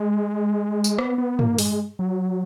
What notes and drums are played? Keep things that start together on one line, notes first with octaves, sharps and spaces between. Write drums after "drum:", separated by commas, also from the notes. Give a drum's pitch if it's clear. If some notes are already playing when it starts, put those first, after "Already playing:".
Already playing: G#3
drum: tambourine
B3, drum: rim click
B3
A#3, drum: tom
G#3, drum: open hi-hat
F#3